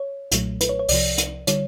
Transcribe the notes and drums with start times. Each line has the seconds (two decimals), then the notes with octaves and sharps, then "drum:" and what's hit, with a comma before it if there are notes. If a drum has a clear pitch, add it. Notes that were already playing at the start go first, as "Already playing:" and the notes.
Already playing: C#5
0.31 B1 A#2 F#3 A3, drum: hi-hat
0.61 B4, drum: hi-hat
0.69 C#5
0.79 C#5
0.89 C2 C3 F3 D5, drum: open hi-hat
1.18 drum: hi-hat
1.47 D3 G3 C#5, drum: hi-hat